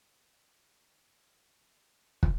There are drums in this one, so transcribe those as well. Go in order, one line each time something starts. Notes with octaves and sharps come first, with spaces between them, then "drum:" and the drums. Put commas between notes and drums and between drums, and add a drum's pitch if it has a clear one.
A#2 D3 D#3 G#3 A3
drum: kick